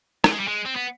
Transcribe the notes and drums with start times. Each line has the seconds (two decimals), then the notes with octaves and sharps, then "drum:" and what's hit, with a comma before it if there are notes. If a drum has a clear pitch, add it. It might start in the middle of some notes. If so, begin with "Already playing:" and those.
0.24 A3, drum: rim click
0.32 G#3
0.40 G3
0.47 G#3
0.65 C4
0.75 B3